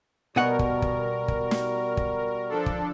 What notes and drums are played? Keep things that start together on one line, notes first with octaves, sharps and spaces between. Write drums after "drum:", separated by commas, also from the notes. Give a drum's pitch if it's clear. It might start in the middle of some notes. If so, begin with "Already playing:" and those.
B2 G3 F#4 A#4 D#5 F#5
drum: kick
drum: kick
drum: kick
drum: snare
drum: kick
F3 D4 A4
drum: kick